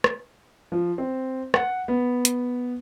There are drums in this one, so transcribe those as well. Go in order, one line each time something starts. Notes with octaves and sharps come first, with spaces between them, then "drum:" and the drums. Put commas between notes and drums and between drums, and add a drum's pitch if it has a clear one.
drum: rim click
F3
C4
F#5, drum: rim click
B3
drum: hi-hat